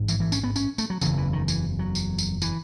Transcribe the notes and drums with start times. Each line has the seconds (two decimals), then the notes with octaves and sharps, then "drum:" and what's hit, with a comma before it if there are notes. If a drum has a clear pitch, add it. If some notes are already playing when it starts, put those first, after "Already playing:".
Already playing: A1 G#2
0.08 E3, drum: tambourine
0.20 E3
0.32 C#4, drum: tambourine
0.44 B3
0.56 C#4, drum: tambourine
0.78 A3, drum: tambourine
0.90 F#3
1.01 F#1 E2 C#3 E3, drum: tambourine
1.17 E3
1.33 D#3
1.48 E3, drum: tambourine
1.79 F#3
1.95 drum: tambourine
2.18 drum: tambourine
2.42 E3, drum: tambourine